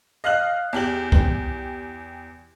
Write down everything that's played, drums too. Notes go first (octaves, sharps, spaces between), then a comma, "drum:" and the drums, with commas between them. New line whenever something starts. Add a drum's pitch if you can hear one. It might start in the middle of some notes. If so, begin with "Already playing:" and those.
D#5 F5 F6 F#6 F#7
E2 G4 F#7
drum: kick C2